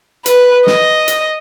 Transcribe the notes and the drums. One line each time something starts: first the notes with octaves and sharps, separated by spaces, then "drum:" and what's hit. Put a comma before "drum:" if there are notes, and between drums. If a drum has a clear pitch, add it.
B4, drum: hi-hat
D#5, drum: snare
drum: hi-hat